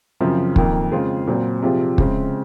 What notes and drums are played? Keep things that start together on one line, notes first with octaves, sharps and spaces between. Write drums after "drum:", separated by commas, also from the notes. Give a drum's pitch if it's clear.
F#2 C#3 F3 C4
F2 D#3 A#3, drum: kick
C#3 G#3 C4 F4 G#4
A#2 F#3 C4
C3 F3 C4 F4 G#4
C#3 G#3 C4, drum: kick